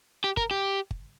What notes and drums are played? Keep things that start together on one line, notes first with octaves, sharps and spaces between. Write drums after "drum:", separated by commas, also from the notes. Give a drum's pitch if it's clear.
G4
A#4, drum: kick G1
G4
drum: kick G1